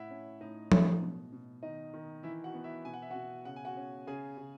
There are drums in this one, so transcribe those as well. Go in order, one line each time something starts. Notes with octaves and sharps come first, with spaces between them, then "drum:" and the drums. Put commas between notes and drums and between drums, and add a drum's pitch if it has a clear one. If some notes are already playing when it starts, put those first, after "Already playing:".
Already playing: A2 E4 E5 F#5
C#4
A2 D#4 D#5
A2, drum: tom F3
B2
B2
D#3 D#4 D#5
D#3
E3 E4 E5
F#4 F#5
B3
E4 E5
B2 G#5
F#5
E5
B2 F#4 F#5
C#3 F#5
G#5
F#4 F#5
C#4
C#3 G#4 G#5
C#3